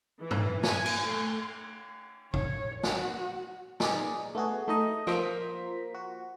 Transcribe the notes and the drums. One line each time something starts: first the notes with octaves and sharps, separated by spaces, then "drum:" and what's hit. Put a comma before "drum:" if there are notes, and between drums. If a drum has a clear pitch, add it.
E3
drum: tom G2
G#5, drum: snare
drum: cymbal
A3 C6
C#5, drum: kick
F#4, drum: snare
D#4 G#4 D5, drum: snare
A3 B3 F#4 G#4
A3 D#4 D#5
F3 A#3 C5 A#5 B6, drum: rim click
F#4